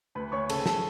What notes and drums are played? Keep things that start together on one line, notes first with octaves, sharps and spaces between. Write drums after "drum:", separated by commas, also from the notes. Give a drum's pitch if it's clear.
D2 B4 B5
D2 C#5 C#6
C#3 A4 A5, drum: cymbal
A4 A5, drum: snare